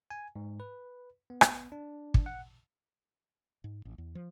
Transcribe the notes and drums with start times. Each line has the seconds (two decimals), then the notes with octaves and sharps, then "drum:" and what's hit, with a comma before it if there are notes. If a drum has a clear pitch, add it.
0.10 G#5
0.36 G#2
0.60 B4
1.30 B3
1.41 drum: rim click
1.72 D4
2.14 drum: kick
2.26 F#5
3.64 G#2
3.85 A1
3.98 E2
4.15 F3